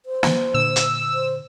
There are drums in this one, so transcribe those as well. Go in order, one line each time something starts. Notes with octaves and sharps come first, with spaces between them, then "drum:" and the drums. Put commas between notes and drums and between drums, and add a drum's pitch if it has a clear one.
C5
drum: snare
A#2 D3 E6
drum: hi-hat
C5